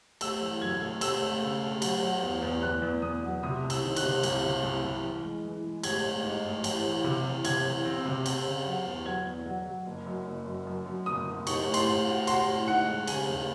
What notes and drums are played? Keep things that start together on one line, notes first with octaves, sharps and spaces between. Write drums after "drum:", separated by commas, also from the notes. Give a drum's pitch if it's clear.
A3 E6, drum: cymbal
E3
F#2 G#6
A3
A3 E6, drum: cymbal
A3
C#3
A3
F#3, drum: cymbal
F#3
E2
E2
E2 F#6
E2
E2 D#6
F#3
C3 D#6
C2
E6, drum: cymbal
D#3
F#6, drum: cymbal
C3
C2, drum: cymbal
C3
C2
C2
E3
G#3
E3
G#3
A1 G#6, drum: cymbal
G#3
G#2
A1
E3, drum: cymbal
E3
C3
E3
C3 G#6, drum: cymbal
E3
C4
C3
C4, drum: cymbal
C#3
F#3
E2
F#3 G#6
E2
F#3
F#3
F#1
F#2
F#1
F#2
F#2
F#2
F#1 D#6
F#1
D#4 C#6, drum: cymbal
A2
C6, drum: cymbal
A2
F#4
F#4 C6, drum: cymbal
A2
D#4 F#5
G#3
C#3 G#5, drum: cymbal
D#2